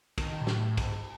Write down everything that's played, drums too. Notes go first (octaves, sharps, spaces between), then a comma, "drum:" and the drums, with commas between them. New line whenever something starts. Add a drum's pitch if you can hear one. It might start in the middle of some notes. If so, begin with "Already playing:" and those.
D#3, drum: kick, cymbal
A#2
A2, drum: snare
G#2, drum: kick, cymbal